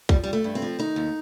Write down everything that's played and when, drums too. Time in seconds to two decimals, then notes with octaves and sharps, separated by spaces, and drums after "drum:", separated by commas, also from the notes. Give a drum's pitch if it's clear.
0.09 F3 G3, drum: kick
0.24 G3
0.27 G2
0.33 A3
0.44 G2
0.55 C4
0.62 F3
0.79 D#3 D#4
0.96 D#2